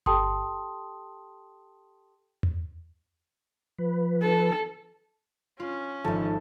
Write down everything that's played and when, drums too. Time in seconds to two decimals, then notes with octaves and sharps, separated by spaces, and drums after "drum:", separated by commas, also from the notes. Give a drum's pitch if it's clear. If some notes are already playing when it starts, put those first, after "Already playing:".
0.06 G4 A4 G5 A5 C6 D#6, drum: kick G1
2.43 drum: tom E2
3.79 F3 B4
4.22 A4
5.60 C#4 F4
6.04 G#1 F3 D#4 A4 E5